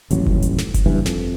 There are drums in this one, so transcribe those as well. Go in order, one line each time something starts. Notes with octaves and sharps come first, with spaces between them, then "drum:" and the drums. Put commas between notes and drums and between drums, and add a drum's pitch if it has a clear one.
D#1 A1 F#3, drum: hi-hat
drum: kick F#1
drum: hi-hat
drum: snare
drum: kick F#1, hi-hat
F#1 G2 E3
F2, drum: snare